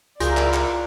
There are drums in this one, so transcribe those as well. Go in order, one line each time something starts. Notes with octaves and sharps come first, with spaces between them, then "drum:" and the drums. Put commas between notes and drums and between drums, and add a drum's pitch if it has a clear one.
C#2 E4 F4 G#4 A#4 D5, drum: hi-hat
drum: clap
drum: clap